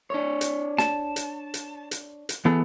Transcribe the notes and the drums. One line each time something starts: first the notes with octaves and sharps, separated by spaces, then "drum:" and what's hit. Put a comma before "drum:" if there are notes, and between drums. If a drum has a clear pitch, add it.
D4 C#5
drum: hi-hat
A5, drum: snare
drum: hi-hat
drum: hi-hat
drum: hi-hat
drum: hi-hat
E3 B3 G#4 A4